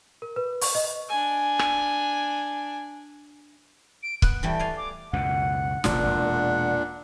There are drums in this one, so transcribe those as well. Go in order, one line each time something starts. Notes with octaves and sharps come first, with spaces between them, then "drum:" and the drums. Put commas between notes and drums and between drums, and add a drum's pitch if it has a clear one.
A#4
B4
C#6, drum: open hi-hat
D#5
D4 G#5
drum: rim click
D7
B3 F#6, drum: kick
E3 G3 A3 G5
D5 F5 G#5
D6
C#2 F#2 B2 F#5
E1 A#1 A#2 C#3 D4, drum: snare
E1 F#5